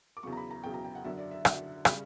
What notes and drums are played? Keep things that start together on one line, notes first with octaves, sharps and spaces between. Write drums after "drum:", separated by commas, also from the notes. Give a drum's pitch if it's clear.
D6
E2 C#3 F#3 C#6
A#5
B5
A#5
E2 C#3 F#3 G5
A#5
G5
F#5
F#2 D3 F#3 E5
D5
E5
F#2 D3 F#3 F#5, drum: rim click
C#3 G3 B5, drum: rim click